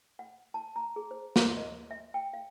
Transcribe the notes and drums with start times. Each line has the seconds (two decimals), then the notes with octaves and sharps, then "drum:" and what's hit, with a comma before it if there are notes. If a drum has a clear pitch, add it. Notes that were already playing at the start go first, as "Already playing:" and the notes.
0.19 F#5
0.54 A5
0.76 A#5
0.96 G#4
1.11 C5
1.36 C6, drum: snare
1.57 D#5
1.91 E5
2.14 G5
2.34 F5